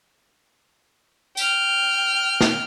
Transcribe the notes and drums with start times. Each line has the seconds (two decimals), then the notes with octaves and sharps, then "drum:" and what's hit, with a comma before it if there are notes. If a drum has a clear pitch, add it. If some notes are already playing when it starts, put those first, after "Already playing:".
1.37 G5 F6, drum: tambourine
2.41 drum: snare